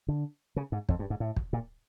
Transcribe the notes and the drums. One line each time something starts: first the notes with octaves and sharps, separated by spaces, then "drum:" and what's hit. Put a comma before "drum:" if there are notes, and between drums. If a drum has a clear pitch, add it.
D3
C#3
G#2
F2, drum: kick
G2
G#2
A2
drum: kick
A#2